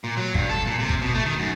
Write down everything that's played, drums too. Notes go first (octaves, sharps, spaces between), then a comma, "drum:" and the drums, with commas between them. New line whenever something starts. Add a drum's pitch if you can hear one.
A#2
F#3
G2, drum: kick G1
A4
A#2
C3
drum: kick G1
B2
A3
D#3
F#2